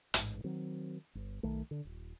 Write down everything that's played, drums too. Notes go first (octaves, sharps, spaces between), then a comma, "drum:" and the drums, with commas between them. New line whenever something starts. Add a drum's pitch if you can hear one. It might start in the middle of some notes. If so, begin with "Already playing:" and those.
A1 G#2, drum: hi-hat
D#3 F#3 C4
G1
B1 D#3 A3
D3
D#1